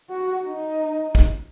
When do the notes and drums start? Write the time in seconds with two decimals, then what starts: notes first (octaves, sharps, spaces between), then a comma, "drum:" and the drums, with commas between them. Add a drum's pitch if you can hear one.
0.10 F#4
0.45 D#4
1.15 drum: kick